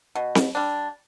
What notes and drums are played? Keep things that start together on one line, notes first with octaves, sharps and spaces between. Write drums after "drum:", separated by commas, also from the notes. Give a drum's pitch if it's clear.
B2
drum: snare C4
G3 D4